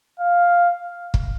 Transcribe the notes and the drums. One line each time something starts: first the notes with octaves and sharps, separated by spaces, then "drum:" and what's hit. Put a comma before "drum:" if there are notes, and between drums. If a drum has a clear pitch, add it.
F5
drum: kick